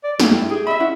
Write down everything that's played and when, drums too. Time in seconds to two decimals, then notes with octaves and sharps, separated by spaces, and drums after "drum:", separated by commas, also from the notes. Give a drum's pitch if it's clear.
0.04 D5
0.20 F#2 A4, drum: snare
0.32 G2 G3 E4
0.50 G4 G#4
0.67 D#5 E5 B5
0.80 C#4 E4 F#5